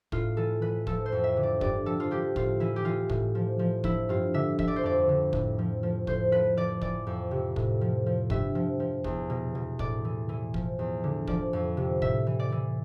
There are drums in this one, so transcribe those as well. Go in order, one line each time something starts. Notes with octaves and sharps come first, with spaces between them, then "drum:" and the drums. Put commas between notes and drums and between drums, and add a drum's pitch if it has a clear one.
A2 F4, drum: kick
E3 A4
E3 B4
F3 A4, drum: kick
C5
F2
E5
D3
D5
G2 D5, drum: kick
F3 A4
F4
F3 G4
A2 F4, drum: kick
E3 E4
G4
E3 F4
A2, drum: kick
F3
F3
F3 E4, drum: kick
G2 F4
D3 E5
F3 E5, drum: kick
D5
C5
F2 D5
D3
A2, drum: kick
F3
F3
A2 C5, drum: kick
F3 B4
F3 D5
E3 D5, drum: kick
F2
C3
A2, drum: kick
F3
F3
G2 E5, drum: kick
F3
F3
E2, drum: kick
B2
B2
A2 D5, drum: kick
E3
E3
F3, drum: kick
E2
D3
F3 D5, drum: kick
F2
C3
A2 E5, drum: kick
E3
D5
E3